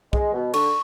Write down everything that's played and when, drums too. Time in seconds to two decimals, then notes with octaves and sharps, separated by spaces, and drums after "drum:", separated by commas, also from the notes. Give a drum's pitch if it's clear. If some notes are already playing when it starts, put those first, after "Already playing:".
0.13 G#3, drum: kick
0.33 B2
0.54 D3 C#6, drum: cymbal